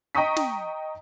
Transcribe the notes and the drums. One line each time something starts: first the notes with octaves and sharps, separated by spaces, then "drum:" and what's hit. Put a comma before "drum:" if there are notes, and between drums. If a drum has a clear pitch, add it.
D#5 G5 A#5 C#6 D#6 B6
drum: snare